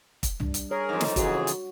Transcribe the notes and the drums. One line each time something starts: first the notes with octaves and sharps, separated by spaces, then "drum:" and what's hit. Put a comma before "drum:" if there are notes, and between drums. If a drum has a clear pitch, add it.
drum: kick, hi-hat
G3 D4, drum: tom
drum: hi-hat
G#4 A#4 C#5
F2 G#2
drum: snare
C#3 E3 F#4 G#4, drum: kick, hi-hat
drum: hi-hat